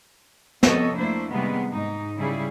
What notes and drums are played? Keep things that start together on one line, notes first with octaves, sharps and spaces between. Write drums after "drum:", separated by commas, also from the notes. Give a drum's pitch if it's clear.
F2 C3 B3 A4 C#5 D#5, drum: snare
A3 A#3 D4 E4 C5
C3 D#3 G3 G#3 A#3 B3
G#2 D#4
C#3 G3 E4 G#4